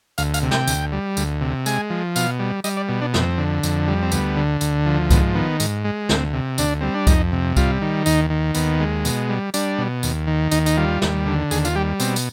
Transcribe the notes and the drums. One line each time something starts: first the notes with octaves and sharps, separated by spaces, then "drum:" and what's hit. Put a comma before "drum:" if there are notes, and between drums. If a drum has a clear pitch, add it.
D2 F5, drum: tambourine
F5, drum: tambourine
C3
G5, drum: snare
D2, drum: tambourine
G3
D2, drum: tambourine
C3
G#3 G#5, drum: tambourine
F3
B2 F5, drum: tambourine
G3
G3 D#5, drum: tambourine
D5
B2
D4
F2 C4, drum: snare
D3
F2, drum: tambourine
G3
C4
D2 B3, drum: tambourine
D3
D2, drum: tambourine
F3
G#2 B3, drum: kick C2, tambourine
D#3 B3
G#2, drum: tambourine
G#3
D2 C4, drum: snare
C3
D2 D4, drum: tambourine
G3 C4
D4
F2 D#4, drum: kick C2, tambourine
C3
G3 F4, drum: kick C2, tambourine
D#3
D#2 D#4, drum: tambourine
D#3
D#2 B3, drum: tambourine
G#3
B2, drum: tambourine
G3
G3 D4, drum: tambourine
B2
D#2, drum: tambourine
D#3
D#2 D#4, drum: tambourine
D#4, drum: tambourine
G3 F4
D#2, drum: snare
D3
D#2 G#4, drum: tambourine
F4, drum: tambourine
G3 G4
B2 C4, drum: tambourine
drum: tambourine